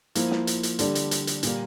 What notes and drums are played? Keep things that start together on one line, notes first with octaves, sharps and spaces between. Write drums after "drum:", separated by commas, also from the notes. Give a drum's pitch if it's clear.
F3 A#3 E4, drum: hi-hat
drum: snare
drum: hi-hat
drum: hi-hat
D3 G3 D4, drum: hi-hat
drum: hi-hat
drum: hi-hat
drum: hi-hat
A#2 G3 A#3, drum: hi-hat